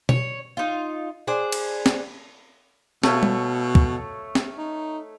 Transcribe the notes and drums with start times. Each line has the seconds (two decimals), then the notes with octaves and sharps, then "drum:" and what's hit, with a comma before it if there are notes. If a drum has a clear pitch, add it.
0.09 C#5, drum: tom B2
0.57 D#4 F4
1.27 D4 G#4 C5
1.52 drum: cymbal
1.86 drum: snare
3.03 B2 A3 C#5 F5, drum: snare
3.23 drum: tom G3
3.75 drum: kick
4.35 drum: snare
4.57 D#4